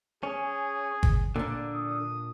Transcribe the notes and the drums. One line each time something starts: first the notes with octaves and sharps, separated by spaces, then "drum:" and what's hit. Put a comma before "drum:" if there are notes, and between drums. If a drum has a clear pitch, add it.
C#4 G#4
drum: kick
A#2 D3 D4
D#6